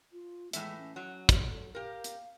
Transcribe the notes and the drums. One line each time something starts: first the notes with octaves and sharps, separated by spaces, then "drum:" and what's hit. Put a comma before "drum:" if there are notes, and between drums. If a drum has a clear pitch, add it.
F4
A2 E3 G#3 E5, drum: hi-hat
C#4
F#3
drum: kick, hi-hat
A4
G4 A#4 F5
drum: hi-hat